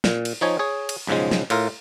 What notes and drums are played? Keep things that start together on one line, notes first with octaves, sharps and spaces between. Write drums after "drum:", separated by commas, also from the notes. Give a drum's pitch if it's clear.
A#2, drum: snare
drum: cymbal
F3 D#4 C#5 G#5
G#4 C#5
drum: cymbal
B1 G#2 C#3 F3 G#3
drum: snare
A2 F4 A#4, drum: cymbal